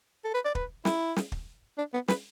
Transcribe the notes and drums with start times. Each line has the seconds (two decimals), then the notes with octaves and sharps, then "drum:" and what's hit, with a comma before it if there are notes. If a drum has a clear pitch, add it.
0.25 A4
0.34 B4
0.45 D5
0.55 B4, drum: kick
0.85 E4, drum: snare
1.16 drum: snare
1.32 drum: kick
1.78 D4
1.94 B3
2.08 B4, drum: snare